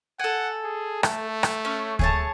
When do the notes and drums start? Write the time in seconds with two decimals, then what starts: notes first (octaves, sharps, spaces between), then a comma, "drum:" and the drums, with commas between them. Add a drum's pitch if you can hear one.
0.20 A4 F#5 G#5
0.64 G#4
1.03 A3, drum: rim click
1.43 drum: rim click
1.65 C#4
1.99 G#4 C#5 A5, drum: kick D2